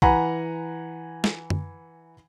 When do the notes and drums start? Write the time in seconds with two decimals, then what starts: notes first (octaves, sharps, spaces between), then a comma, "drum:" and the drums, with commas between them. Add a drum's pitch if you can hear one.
0.02 E3 F#5 G#5 A#5 B5, drum: kick B1
1.24 drum: snare
1.50 drum: tom